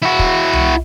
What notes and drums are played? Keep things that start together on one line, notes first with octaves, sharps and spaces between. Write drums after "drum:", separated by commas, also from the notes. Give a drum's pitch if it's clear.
E4 F#4
drum: kick
drum: tom C2